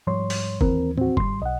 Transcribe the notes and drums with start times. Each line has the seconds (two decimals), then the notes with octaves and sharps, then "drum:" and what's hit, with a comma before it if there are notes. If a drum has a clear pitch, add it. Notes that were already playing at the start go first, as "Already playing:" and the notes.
0.07 G#2 F3 G3 C#5 C6
0.30 drum: open hi-hat
0.61 D#2 E3 C4 A#4, drum: kick F#1
0.98 C4 F#4, drum: tom A2
1.17 G#1 C3 G3 C6, drum: kick F#1
1.42 B1 D#5 F#5